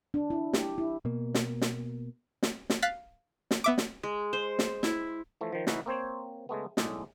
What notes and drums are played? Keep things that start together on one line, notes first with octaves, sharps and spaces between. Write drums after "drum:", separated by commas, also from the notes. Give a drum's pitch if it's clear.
D4
E4
G4, drum: snare
E4
B2 A#3
drum: snare
drum: snare
drum: snare
drum: snare
F5 F#6 A6 B6
drum: snare
B3 E5 D6
drum: snare
G#3
C5
drum: snare
E4, drum: snare
E3 F3 A3
D#3 F3
C#3 E3 C#4 D#4 E4 F#4, drum: snare
A#3 C4 C5 C#5
C#3 G#3 A3 B3
B1 A2 G#3 G#4 D5, drum: snare